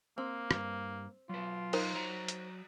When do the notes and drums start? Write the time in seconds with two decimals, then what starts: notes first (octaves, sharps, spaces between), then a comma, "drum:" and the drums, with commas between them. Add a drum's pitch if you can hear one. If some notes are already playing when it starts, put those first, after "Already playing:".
0.18 A#3 C4
0.51 G2, drum: rim click
1.29 F#3 F4 B4
1.73 D#4 A#4 C5, drum: cymbal
1.94 F#3 A#5
2.28 drum: hi-hat